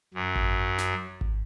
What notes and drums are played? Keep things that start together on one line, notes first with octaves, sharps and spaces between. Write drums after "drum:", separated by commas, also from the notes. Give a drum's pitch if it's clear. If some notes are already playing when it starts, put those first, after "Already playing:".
F#2
drum: kick G#1
drum: snare
drum: kick G#1